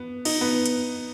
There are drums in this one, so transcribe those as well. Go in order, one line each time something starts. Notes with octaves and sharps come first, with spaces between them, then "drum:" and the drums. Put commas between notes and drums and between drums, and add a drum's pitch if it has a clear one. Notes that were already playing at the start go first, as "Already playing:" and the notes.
Already playing: B3
D#4, drum: cymbal
B3
drum: hi-hat